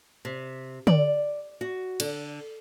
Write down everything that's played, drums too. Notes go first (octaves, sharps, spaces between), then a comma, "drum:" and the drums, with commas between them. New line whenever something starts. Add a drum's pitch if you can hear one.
C3
D5, drum: tom D3
F#4
D3, drum: cymbal